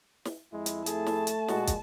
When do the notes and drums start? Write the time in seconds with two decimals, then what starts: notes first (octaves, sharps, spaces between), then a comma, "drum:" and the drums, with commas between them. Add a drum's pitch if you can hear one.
0.25 drum: snare
0.53 F2 G#3 E4
0.66 drum: hi-hat
0.86 A3 G#4 A5, drum: hi-hat
1.07 drum: snare
1.27 drum: hi-hat
1.48 A#2 G#3 F#4, drum: snare
1.67 drum: kick, hi-hat